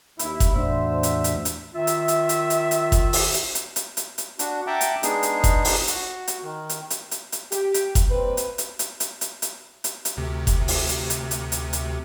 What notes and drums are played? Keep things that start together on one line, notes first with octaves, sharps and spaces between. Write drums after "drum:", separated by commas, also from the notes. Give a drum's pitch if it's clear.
D#2 E4, drum: hi-hat
drum: kick F#1, hi-hat
E2 A2 D4 F#4 C5 E5
drum: hi-hat
drum: hi-hat
drum: hi-hat
D#3 F4 E5
drum: hi-hat
drum: hi-hat
drum: hi-hat
drum: hi-hat
drum: hi-hat
drum: kick F#1, hi-hat
drum: open hi-hat
drum: hi-hat
drum: hi-hat
drum: hi-hat
drum: hi-hat
drum: hi-hat
D4 F#4, drum: hi-hat
E5 F#5 G5 A5 A#5 D6
drum: hi-hat
G#3 B3 D4 D#4 G#4, drum: hi-hat
drum: hi-hat
drum: kick F#1, hi-hat
drum: open hi-hat
F#4, drum: hi-hat
drum: hi-hat
D#3
drum: hi-hat
drum: hi-hat
drum: hi-hat
drum: hi-hat
G4, drum: hi-hat
drum: hi-hat
drum: kick F#1, hi-hat
G3 A#3 C4 B4
drum: hi-hat
drum: hi-hat
drum: hi-hat
drum: hi-hat
drum: hi-hat
drum: hi-hat
drum: hi-hat
drum: hi-hat
D2 C3
drum: kick F#1, hi-hat
drum: open hi-hat
drum: hi-hat
drum: hi-hat
drum: hi-hat
drum: hi-hat
drum: hi-hat